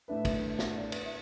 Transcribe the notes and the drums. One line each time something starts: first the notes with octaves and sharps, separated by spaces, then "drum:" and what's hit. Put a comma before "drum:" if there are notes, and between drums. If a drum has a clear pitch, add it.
A2 A3 D4 B4 E5
drum: kick, cymbal
E5, drum: snare
D5
B4, drum: cymbal
E5